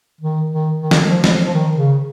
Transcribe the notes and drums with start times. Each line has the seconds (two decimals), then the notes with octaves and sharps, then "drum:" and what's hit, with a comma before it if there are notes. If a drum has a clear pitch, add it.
0.20 D#3
0.50 D#3
0.80 D#3
0.91 drum: snare
1.04 G#3
1.09 F3
1.24 G#3, drum: snare
1.31 F3
1.45 F3
1.53 D#3
1.77 C#3